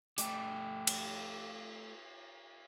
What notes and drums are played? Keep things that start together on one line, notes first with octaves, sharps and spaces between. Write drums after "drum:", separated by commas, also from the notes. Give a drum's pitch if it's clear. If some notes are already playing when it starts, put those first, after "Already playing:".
A3 G4, drum: hi-hat
drum: cymbal